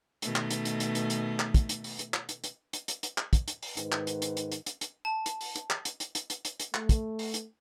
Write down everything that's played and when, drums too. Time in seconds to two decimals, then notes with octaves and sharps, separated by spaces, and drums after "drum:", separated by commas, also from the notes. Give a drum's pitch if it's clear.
0.22 B2 D#3 A3, drum: hi-hat
0.36 drum: clap
0.50 drum: hi-hat
0.65 drum: hi-hat
0.80 drum: hi-hat
0.95 drum: hi-hat
1.10 drum: hi-hat
1.40 drum: clap
1.54 drum: kick, hi-hat
1.69 drum: hi-hat
1.84 drum: open hi-hat
1.99 drum: hi-hat
2.14 drum: clap
2.29 drum: hi-hat
2.44 drum: hi-hat
2.73 drum: hi-hat
2.88 drum: hi-hat
3.03 drum: hi-hat
3.18 drum: clap
3.33 drum: kick, hi-hat
3.48 drum: hi-hat
3.62 drum: open hi-hat
3.77 G#2 D#3 B4, drum: hi-hat
3.92 drum: clap
4.07 drum: hi-hat
4.22 drum: hi-hat
4.37 drum: hi-hat
4.52 drum: hi-hat
4.66 drum: hi-hat
4.81 drum: hi-hat
5.05 A5
5.26 drum: hi-hat
5.41 drum: open hi-hat
5.56 drum: hi-hat
5.70 drum: clap
5.85 drum: hi-hat
6.00 drum: hi-hat
6.15 drum: hi-hat
6.30 drum: hi-hat
6.45 drum: hi-hat
6.60 drum: hi-hat
6.74 A3, drum: clap
6.89 drum: kick, hi-hat
7.19 drum: open hi-hat
7.34 drum: hi-hat